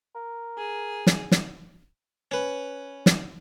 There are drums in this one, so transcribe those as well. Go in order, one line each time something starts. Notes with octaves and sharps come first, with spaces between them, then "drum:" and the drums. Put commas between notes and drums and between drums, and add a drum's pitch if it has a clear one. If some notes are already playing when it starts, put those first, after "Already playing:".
A#4
G#4
drum: snare
drum: snare
C#4 B4
drum: snare